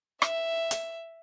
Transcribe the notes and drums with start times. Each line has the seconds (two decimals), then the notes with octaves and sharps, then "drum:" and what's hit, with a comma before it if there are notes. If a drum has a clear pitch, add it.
0.22 E5, drum: rim click
0.71 drum: hi-hat